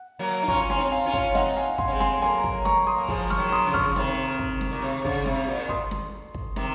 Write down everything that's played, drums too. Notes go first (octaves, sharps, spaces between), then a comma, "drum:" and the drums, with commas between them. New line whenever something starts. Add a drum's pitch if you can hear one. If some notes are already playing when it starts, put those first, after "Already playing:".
Already playing: F#5
F#3 A#3
D#4
C#4 F4 A#5 C#6, drum: kick
C#4 G#5 C6, drum: snare
C4 D#4
F5 G#5
C#4 F4
F5 G#5, drum: kick
C4 D#4 D#5 F#5, drum: snare
F5 G#5
G#5 C6, drum: kick
C#4
G#3 C4
G#5 C6, drum: snare
F#3 A#3 G#5 C6
drum: kick
A#5 C#6, drum: snare
C6 D#6
A#3
F3 G#3, drum: kick
C#6 F6, drum: snare
D#3 F#3
C6 D#6
C#3 F3
C#6 F6, drum: kick
C3 D#3, drum: snare
drum: kick
drum: snare
A#2
C3
C#3, drum: kick
C3, drum: snare
A#2
C6 D#6, drum: kick
drum: snare
drum: kick
C3 D#3, drum: snare